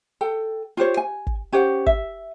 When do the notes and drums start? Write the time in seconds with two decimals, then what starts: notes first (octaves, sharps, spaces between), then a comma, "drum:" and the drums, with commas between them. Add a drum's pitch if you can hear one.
0.21 A4 G5
0.77 F4 G4 C5 C#5
0.97 G#5
1.27 drum: kick
1.52 C#4 G4 C5 F#5
1.86 E5, drum: kick